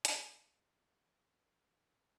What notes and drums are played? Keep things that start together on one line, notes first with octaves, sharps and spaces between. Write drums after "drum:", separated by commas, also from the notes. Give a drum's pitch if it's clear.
G#4 A#4 E5, drum: hi-hat